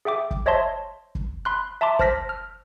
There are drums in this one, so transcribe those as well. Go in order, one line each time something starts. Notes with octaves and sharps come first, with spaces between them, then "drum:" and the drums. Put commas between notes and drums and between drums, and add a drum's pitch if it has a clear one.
G#4 E5 G5 D6
drum: kick
C5 C#5 D#5 E5 A5 C6
drum: kick
B5 C6 F#6
E5 A5 A#5 C6 D6
C5 A5 F6 A#6 B6, drum: kick
F6